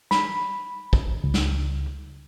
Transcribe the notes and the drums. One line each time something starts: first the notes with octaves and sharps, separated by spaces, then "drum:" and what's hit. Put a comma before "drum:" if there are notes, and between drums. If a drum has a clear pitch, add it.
B5, drum: snare
drum: kick
C#2
drum: snare